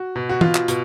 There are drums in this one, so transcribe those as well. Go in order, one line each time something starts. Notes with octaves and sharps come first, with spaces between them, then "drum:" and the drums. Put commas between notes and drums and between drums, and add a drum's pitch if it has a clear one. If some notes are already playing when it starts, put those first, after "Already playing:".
Already playing: F#4
B2
F#4
B2 F4, drum: tom E3
drum: clap
B2, drum: hi-hat